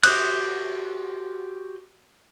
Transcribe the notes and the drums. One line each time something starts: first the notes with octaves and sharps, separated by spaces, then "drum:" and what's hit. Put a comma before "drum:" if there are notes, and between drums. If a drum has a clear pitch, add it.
F#4 G4 C5 D#6 F#6, drum: cymbal